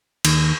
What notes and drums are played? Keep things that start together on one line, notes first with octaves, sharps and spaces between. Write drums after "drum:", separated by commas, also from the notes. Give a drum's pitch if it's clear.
D#2, drum: cymbal